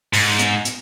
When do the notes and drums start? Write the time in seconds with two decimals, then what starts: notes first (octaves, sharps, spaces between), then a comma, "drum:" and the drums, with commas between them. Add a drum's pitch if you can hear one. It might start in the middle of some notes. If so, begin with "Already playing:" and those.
0.13 G#2, drum: open hi-hat
0.39 drum: hi-hat
0.65 drum: hi-hat